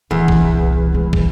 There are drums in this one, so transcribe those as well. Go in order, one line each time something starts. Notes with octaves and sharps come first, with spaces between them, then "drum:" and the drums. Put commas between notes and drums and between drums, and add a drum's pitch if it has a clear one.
D1 E2
drum: kick
D#1 C2
G3 G#3
D#1 E2, drum: kick